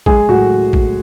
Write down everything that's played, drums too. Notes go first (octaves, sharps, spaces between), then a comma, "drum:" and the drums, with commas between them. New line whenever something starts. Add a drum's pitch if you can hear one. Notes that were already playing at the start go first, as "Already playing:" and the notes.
G#3 G#4, drum: kick
A2 F#4
drum: kick